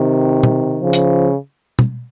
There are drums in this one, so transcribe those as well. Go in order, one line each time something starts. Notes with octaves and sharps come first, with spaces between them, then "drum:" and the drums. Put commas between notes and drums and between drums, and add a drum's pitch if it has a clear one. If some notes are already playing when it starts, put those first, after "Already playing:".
Already playing: C3 D#3
drum: tom
C#3 F3
drum: hi-hat
drum: tom